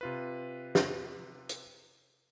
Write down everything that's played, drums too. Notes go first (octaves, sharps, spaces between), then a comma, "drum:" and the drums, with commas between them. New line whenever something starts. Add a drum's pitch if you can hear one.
C3 F4 B4
drum: snare
drum: hi-hat